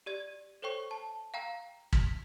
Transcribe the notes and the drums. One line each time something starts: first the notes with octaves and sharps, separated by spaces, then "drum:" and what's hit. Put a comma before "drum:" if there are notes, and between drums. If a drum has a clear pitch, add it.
G4 D5 G#6
A4 C5 C#5 G5 C#6
A5
F5 G5 A#5
B6, drum: kick